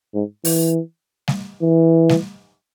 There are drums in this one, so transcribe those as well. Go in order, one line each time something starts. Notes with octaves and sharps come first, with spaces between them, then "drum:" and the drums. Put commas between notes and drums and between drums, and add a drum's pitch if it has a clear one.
G#2
E3, drum: open hi-hat
drum: snare G3
E3
drum: snare G3